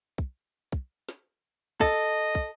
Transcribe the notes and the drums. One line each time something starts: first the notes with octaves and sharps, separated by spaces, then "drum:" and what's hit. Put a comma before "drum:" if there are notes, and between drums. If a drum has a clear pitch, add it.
drum: kick
drum: kick
drum: snare
A4 D#5, drum: kick
drum: kick